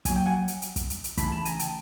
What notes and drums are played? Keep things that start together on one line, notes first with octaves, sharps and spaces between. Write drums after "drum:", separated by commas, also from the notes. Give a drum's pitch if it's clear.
D#3 F#3 A#3 G#5, drum: kick, hi-hat
G5
F#5 G#5
drum: hi-hat
drum: hi-hat
drum: kick, hi-hat
drum: hi-hat
drum: hi-hat
C#3 E3 A3 A5 B5, drum: kick, hi-hat
A5 B5
G#5 A#5, drum: hi-hat
G5 A5, drum: hi-hat